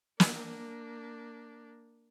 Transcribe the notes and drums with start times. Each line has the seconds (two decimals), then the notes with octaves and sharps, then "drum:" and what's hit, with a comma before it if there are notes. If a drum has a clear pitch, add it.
0.20 A#3 D4, drum: snare